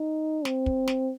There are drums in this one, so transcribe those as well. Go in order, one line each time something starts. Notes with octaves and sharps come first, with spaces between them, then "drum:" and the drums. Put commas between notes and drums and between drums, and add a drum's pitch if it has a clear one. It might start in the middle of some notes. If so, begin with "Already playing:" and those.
Already playing: D#4
C4, drum: snare
drum: kick
drum: snare